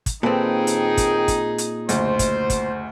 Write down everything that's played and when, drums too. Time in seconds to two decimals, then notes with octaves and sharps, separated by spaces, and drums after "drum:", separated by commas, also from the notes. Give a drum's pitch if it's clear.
0.06 drum: kick, hi-hat
0.23 D#2 A#2 C4 D#4 G#4 A4 B4 G5
0.67 drum: hi-hat
0.97 drum: kick, hi-hat
1.28 drum: kick, hi-hat
1.58 drum: hi-hat
1.89 F#1 D2 C5, drum: hi-hat
2.19 drum: kick, hi-hat
2.50 drum: kick, hi-hat